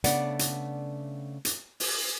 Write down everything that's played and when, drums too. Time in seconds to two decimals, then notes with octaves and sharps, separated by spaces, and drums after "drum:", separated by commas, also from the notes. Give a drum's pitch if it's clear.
0.04 C#3 A3 B3 D4 D5 F#5, drum: hi-hat
0.39 drum: hi-hat
1.45 drum: hi-hat
1.80 drum: open hi-hat